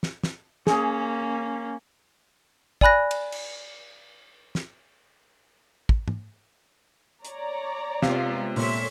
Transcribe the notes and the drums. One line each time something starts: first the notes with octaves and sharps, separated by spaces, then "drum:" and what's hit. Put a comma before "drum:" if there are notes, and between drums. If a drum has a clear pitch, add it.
drum: snare
drum: snare
A#3 C#4 G#4, drum: snare
D5 G#5 B5 F#6 A#6, drum: kick
drum: cymbal
drum: cymbal
drum: snare
drum: kick
drum: tom
C#5 D5 A#5, drum: hi-hat
C3 G#3 B3 F4 F5, drum: snare
A#2 C4 A4 C#5 E5 C6, drum: open hi-hat